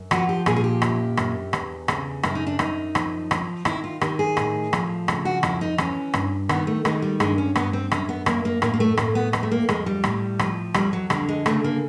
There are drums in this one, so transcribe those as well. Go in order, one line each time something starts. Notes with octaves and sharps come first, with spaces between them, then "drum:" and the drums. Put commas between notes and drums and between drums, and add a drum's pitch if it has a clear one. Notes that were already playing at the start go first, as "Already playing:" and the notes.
Already playing: F#2
F3 F#4, drum: rim click
G4
A#2 G#4, drum: rim click
G#4
G4
F#2, drum: rim click
F#2, drum: rim click
E2, drum: rim click
C#3, drum: rim click
F#2 E4, drum: rim click
D#4
D4
F#2 D#4, drum: rim click
F3, drum: rim click
F3, drum: rim click
D#3 E4, drum: rim click
F4
D#3 G4, drum: rim click
G#4
A2, drum: rim click
F3, drum: rim click
C#3, drum: rim click
F#4
F2 E4, drum: rim click
D#4
E3 C#4, drum: rim click
G2, drum: rim click
D#3 B3, drum: rim click
A3
D#3 G#3, drum: rim click
G3
G2 G#3, drum: rim click
C#4
G2 B3, drum: rim click
C4
F#2 C#4, drum: rim click
B3
F#2 A#3, drum: rim click
A#3
A2 A#3, drum: rim click
A#3
A3
A2 A#3, drum: rim click
B3
F2 B3, drum: rim click
A3
A#3
F2 G#3, drum: rim click
G3
A2, drum: rim click
F3, drum: rim click
F2 G3, drum: rim click
F#3
D3 G3, drum: rim click
G#3
C#3 A3, drum: rim click
A#3